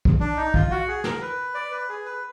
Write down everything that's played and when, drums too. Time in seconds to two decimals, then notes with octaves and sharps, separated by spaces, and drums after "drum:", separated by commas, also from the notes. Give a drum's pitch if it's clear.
0.05 drum: kick
0.20 D4
0.37 D#4
0.54 F4, drum: kick
0.71 F#4
0.88 G#4
1.04 A#4, drum: snare
1.22 B4
1.54 D5
1.72 B4
1.89 G#4
2.06 B4